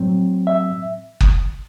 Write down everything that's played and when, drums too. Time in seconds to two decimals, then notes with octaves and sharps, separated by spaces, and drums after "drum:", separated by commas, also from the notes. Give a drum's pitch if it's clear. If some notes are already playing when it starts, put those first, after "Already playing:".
Already playing: A2 F#3 C4
0.47 E5
1.21 drum: kick F#1